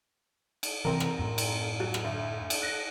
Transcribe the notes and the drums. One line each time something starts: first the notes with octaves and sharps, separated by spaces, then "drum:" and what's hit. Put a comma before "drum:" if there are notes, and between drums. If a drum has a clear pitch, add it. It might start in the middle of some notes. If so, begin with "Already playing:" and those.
drum: cymbal
C3 E3 C4 A#4
drum: rim click
F#2 A2
drum: cymbal
F#3
drum: rim click
D2
drum: cymbal
F#6 A#6